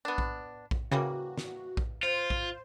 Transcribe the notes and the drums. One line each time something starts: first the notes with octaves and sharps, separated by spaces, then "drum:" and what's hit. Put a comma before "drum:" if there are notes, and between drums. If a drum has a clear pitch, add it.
B3 D4
drum: kick A#1
drum: kick A#1
C#3 E3 G3 A#3 F#4
drum: snare
drum: kick A#1
F4 C5
drum: kick A#1